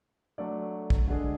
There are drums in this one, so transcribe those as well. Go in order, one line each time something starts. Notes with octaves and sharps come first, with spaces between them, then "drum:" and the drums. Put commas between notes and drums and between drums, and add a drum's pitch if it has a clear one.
F#3 A3 D4 A4 D5
drum: kick
D3 G#3 D4 G#4